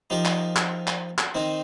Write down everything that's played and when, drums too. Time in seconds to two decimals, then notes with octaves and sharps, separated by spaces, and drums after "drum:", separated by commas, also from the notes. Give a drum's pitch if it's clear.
0.10 F3 D#4 G4 A#4
0.25 drum: clap
0.56 drum: clap
0.87 drum: clap
1.18 drum: clap
1.35 D#3 C4 D#4